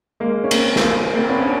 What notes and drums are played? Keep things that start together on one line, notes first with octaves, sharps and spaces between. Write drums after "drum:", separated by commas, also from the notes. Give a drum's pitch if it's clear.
G#3 A#3
C#4
A#3 C4, drum: cymbal
drum: snare
A#3 C4
B3 C#4
D4